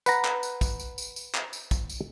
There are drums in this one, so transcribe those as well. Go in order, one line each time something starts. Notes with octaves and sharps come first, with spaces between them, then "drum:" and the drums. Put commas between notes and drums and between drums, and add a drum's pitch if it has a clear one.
B4 F#5 A#5, drum: tambourine
drum: clap
drum: tambourine
drum: kick, tambourine
drum: tambourine
drum: tambourine
drum: tambourine
drum: clap
drum: tambourine
drum: kick, tambourine
drum: tambourine